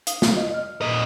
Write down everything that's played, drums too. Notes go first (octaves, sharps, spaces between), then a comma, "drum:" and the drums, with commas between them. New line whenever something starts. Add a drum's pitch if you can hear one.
F5 D#6, drum: hi-hat
C#4, drum: snare
D#5
D#5 F6
A#2 D#5 B6 D7